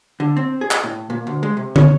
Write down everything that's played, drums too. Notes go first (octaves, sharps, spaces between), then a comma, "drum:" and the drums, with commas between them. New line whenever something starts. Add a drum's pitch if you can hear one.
D3
C4
G#4
drum: clap
A2
A#2
D2
G#3
C3
C#5, drum: tom